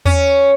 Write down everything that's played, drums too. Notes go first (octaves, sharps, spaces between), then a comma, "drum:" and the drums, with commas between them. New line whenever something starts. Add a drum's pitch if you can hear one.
C#4, drum: tom E2